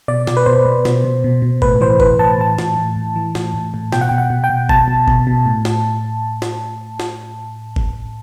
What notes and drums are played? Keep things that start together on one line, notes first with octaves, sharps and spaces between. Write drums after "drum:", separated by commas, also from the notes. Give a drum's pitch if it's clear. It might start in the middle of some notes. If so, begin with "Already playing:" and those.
B2 D5
B2, drum: snare
B4
B2 C5
B2
B2, drum: snare
B2
B2
B2
A2 B4, drum: kick
E3 C5
E3 B4, drum: kick
A2 A5
E3 A5
A2, drum: snare
A2
A2
E3
A2, drum: snare
A2
A2
B2 G5, drum: snare
F#5
B2 G5
F#5
B2
G5
B2
B2 A5, drum: kick
B2
B2, drum: kick
B2
A2
drum: snare
drum: snare
drum: snare
drum: kick